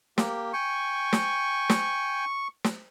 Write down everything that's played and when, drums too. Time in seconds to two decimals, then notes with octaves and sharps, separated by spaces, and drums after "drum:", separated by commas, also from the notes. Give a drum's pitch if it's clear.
0.18 A#3 G4, drum: snare
0.53 G5 G#5 C#6
1.13 drum: snare
1.69 drum: snare
2.64 drum: snare